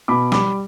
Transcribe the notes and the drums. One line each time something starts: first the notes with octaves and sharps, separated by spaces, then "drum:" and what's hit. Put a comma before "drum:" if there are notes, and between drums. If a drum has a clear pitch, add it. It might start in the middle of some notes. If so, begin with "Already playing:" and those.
B2 B5 D6
G3 B5 D6, drum: snare